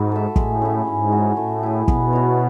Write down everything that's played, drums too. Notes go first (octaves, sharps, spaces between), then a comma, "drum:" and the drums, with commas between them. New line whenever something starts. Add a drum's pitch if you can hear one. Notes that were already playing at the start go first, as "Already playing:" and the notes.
Already playing: G#2 F#4 B4
A4 E5
A2 G#3, drum: kick
C#4 E4
G#2 C#4
F#4 C#5
A2 A3
E4 G#4
B2 B3, drum: kick
F#4 C#5